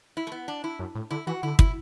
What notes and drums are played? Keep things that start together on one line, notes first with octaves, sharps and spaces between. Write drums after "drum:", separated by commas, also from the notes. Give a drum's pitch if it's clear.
E4
A3
B3
D4
E4
F#2
A2
D3 E4
E3 F#4
D3 E4
E4, drum: kick